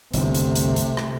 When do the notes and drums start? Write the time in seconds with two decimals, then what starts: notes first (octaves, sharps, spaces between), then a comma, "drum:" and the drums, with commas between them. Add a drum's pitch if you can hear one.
0.14 G1 C2 C3 A3, drum: hi-hat
0.34 drum: hi-hat
0.55 drum: hi-hat
0.76 drum: hi-hat
0.97 drum: rim click